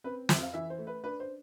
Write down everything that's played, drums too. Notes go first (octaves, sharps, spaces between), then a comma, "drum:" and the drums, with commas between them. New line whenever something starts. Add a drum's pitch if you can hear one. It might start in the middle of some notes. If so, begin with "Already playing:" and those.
C4 B4
F2 E5, drum: snare
F5
E3 E5
C5
A3
B4
D4 B4
C5